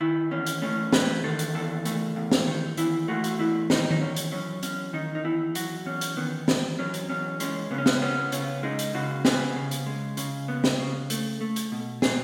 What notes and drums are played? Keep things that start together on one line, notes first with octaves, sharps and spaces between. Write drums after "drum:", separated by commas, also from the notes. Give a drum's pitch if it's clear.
D#3 E4
E2 C#4
drum: hi-hat
A3 C#4
E2 B4, drum: snare
D#3 A4
drum: hi-hat
E2 A4
A3, drum: hi-hat
E2
drum: snare
D#3
E2 E4, drum: hi-hat
A3 F#4
drum: hi-hat
E2 E4
D#3 D#4, drum: snare
D#4, drum: tom D#3
E2 C#4
drum: hi-hat
F#3 C#4
E2 C#4, drum: hi-hat
D#3 D#4
D#4
E2 E4
F#3 F#4, drum: hi-hat
E2 C#4
drum: hi-hat
D#3 B3
E2, drum: snare
F#3 C#4
drum: hi-hat
E2 C#4
G#3 C#4, drum: hi-hat
C#3 B3
C#4
B3, drum: snare
B3 C#4
C#3 C#4, drum: hi-hat
G#3 D#4
drum: hi-hat
C#3 F#4
B3 G#4, drum: snare
C#3
drum: hi-hat
G#3
C#3, drum: hi-hat
B3
drum: snare
C#3
A3, drum: hi-hat
A3
drum: hi-hat
B2
B2 G#4, drum: snare